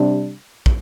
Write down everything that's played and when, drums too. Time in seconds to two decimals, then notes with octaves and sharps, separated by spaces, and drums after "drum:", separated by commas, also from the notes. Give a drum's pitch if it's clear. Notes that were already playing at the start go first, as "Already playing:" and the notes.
Already playing: C3 G3 D4
0.66 drum: kick